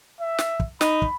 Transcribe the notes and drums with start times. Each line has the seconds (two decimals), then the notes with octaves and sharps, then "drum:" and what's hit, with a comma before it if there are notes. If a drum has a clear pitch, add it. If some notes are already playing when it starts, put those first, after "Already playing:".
0.20 E5
0.38 drum: snare
0.60 drum: kick
0.81 D#4 B5, drum: snare
1.02 drum: kick